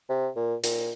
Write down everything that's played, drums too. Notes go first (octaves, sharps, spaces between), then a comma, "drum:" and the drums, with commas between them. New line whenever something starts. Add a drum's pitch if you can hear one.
C3
A#2
A#2, drum: hi-hat